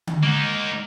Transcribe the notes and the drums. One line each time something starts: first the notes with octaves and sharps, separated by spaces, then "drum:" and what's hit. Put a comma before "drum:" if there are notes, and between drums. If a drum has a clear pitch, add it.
drum: tom D3
G#3 A#3 D#4 F#5